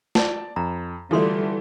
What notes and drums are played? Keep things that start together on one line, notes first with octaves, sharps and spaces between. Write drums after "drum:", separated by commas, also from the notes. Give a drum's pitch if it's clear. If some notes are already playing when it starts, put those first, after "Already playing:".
D5 A5, drum: snare
F2 A#5
D3 E3 G3 A3 F4 F#4 A4 C6